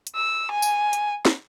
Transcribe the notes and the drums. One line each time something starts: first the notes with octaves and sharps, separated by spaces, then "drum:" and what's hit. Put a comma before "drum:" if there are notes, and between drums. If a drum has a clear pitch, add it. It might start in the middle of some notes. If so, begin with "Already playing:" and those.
drum: hi-hat
E6
G#5
drum: tambourine
drum: hi-hat
drum: snare